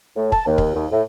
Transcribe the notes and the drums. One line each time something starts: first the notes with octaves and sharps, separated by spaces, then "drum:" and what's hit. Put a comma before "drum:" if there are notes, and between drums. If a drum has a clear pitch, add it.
A2
A5, drum: kick
D#2
drum: kick
D#2
A2